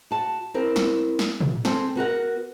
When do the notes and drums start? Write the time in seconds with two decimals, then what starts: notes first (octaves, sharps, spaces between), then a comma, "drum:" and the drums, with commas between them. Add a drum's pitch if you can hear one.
0.11 F#4 A5
0.54 C4 E4 A#4
0.76 drum: snare
1.19 drum: snare
1.41 drum: tom
1.65 C4 A4 G#5, drum: snare
1.96 B3 F#4 A#4 F#5